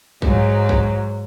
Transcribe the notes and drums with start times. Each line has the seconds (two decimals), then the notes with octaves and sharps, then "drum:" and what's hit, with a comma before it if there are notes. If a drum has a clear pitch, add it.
0.22 G#2 F#3, drum: kick A#1
0.69 drum: kick A#1